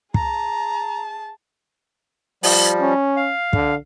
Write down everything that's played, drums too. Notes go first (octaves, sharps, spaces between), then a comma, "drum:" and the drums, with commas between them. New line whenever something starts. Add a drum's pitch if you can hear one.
G#4 A5 A#5, drum: kick
F3 G3, drum: open hi-hat
C#4
F5
D3, drum: kick